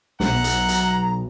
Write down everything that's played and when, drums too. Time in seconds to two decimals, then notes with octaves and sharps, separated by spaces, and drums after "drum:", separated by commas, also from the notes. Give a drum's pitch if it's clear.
0.20 B1 E5 F#5 A#5, drum: snare
0.44 drum: hi-hat
0.68 drum: hi-hat